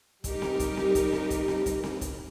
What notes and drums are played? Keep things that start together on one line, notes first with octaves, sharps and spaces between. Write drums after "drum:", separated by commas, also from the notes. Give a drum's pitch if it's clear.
G3 D#4 G4 A#4, drum: kick, hi-hat
drum: snare C4
drum: kick, hi-hat
drum: snare C4
drum: kick, hi-hat
drum: snare C4
drum: kick, hi-hat
drum: snare C4
drum: kick, hi-hat
drum: snare C4
drum: kick, hi-hat